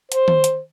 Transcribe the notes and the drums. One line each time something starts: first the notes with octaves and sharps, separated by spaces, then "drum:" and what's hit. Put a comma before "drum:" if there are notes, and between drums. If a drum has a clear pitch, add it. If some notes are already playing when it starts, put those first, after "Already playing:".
C5, drum: hi-hat
drum: tom D#3
drum: hi-hat